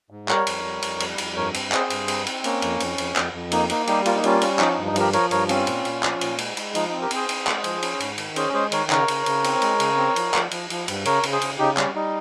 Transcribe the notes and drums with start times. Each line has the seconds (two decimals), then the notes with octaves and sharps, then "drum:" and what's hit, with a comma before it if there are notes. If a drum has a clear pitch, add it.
0.10 G#2
0.28 G3 A#4 C#5, drum: clap
0.47 F2, drum: cymbal
0.64 G3
0.82 F2, drum: cymbal
1.00 G3, drum: cymbal
1.18 F2, drum: cymbal
1.36 G2 A#4 C#5
1.54 C4, drum: cymbal
1.72 C4 G#4 C5, drum: clap
1.90 G2, drum: cymbal
2.08 C4, drum: cymbal
2.27 C4, drum: cymbal
2.44 A#3 C#4, drum: cymbal
2.62 F2, drum: cymbal
2.80 F2, drum: cymbal
2.98 F2, drum: cymbal
3.16 F2, drum: clap
3.33 F2
3.52 A#3 D#4, drum: cymbal
3.70 A#3 D#4, drum: cymbal
3.87 G3 D#4 G4, drum: cymbal
4.06 A#3 F4, drum: cymbal
4.15 D#4
4.24 G3 C#4 F4, drum: cymbal
4.41 C#4, drum: cymbal
4.59 F3 D#4, drum: clap
4.73 G2 D#4
4.87 D#4
4.96 F3 G4 A#4, drum: cymbal
5.13 F3 A#4 C#5, drum: cymbal
5.31 G2 A#4 C#5, drum: cymbal
5.49 C4 C#4 F4, drum: cymbal
5.67 A#2, drum: cymbal
5.85 A#2, drum: cymbal
6.03 F3, drum: clap
6.21 A#2, drum: cymbal
6.38 G#3, drum: cymbal
6.57 G#3, drum: cymbal
6.75 F3 D#4, drum: cymbal
6.89 C4 D#4
7.01 G4 A#4
7.11 C4 G#4 C5, drum: cymbal
7.29 C4, drum: cymbal
7.47 G#3, drum: clap
7.64 F3, drum: cymbal
7.83 C#4, drum: cymbal
8.00 G#2, drum: cymbal
8.18 D#3, drum: cymbal
8.36 C#4 G#4 C5, drum: cymbal
8.54 G#3 G#4 C5
8.72 D#3 A#4 C#5, drum: cymbal
8.90 C#3 A#4 C#5, drum: clap
9.08 C#3, drum: cymbal
9.26 C#3, drum: cymbal
9.44 C4, drum: cymbal
9.62 G#3, drum: cymbal
9.80 C#3, drum: cymbal
9.97 C4
10.16 F3, drum: cymbal
10.34 F3, drum: clap
10.51 F3, drum: cymbal
10.70 F3, drum: cymbal
10.88 G2, drum: cymbal
11.05 C#3 A#4 C#5, drum: cymbal
11.23 C#3, drum: cymbal
11.32 G#4 C5
11.41 C#3, drum: cymbal
11.59 C#3 D#4 G4
11.77 G3 C#4, drum: clap
11.95 G3 D#4